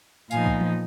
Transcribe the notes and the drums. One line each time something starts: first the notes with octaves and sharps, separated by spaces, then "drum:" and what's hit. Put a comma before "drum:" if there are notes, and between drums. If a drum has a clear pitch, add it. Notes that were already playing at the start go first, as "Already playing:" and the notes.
A#2 F3 B3 D#4 F5 G#5, drum: tambourine
drum: kick
drum: tom E3